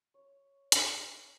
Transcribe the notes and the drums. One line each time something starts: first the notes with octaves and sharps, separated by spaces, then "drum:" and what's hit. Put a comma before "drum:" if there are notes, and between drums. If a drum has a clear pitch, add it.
C#5
drum: hi-hat